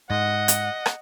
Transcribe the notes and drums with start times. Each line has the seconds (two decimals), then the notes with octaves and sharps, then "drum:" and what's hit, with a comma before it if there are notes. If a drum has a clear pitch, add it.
0.11 G#2 D#5 F#5
0.48 drum: hi-hat
0.86 drum: rim click